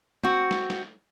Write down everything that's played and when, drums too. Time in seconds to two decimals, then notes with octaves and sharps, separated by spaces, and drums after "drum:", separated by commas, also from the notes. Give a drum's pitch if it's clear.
0.24 C4 F#4, drum: tom
0.51 drum: snare
0.70 drum: snare